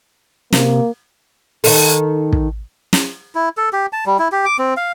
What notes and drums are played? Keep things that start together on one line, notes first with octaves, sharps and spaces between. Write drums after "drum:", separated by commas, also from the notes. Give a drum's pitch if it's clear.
C3 A#3, drum: snare
D#3 D#4 A4, drum: open hi-hat
drum: kick
drum: snare
E4
A4
G4
A5
G3
E4
G4
D6
C4
F5